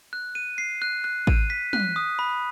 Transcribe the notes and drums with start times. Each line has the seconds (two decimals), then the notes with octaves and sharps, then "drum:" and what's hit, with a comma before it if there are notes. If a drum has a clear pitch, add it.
0.13 F#6
0.35 D#7
0.58 C7
0.82 F#6
1.04 F#6
1.27 D#7, drum: kick A1
1.50 B6
1.73 F#6, drum: tom
1.96 D#6
2.19 B5